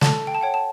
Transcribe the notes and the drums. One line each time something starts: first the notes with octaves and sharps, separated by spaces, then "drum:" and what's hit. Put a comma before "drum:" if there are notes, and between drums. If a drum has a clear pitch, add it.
A4 A5, drum: snare
G5
A5
C#5 F#5 G5
A5